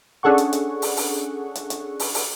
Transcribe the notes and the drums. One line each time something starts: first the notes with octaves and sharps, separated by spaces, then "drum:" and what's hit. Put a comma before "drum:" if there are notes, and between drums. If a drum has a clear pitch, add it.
C#4 D4 G#4 A4 F#5 C#6
drum: hi-hat
drum: hi-hat
drum: open hi-hat
drum: open hi-hat
drum: hi-hat
drum: hi-hat
drum: open hi-hat
drum: open hi-hat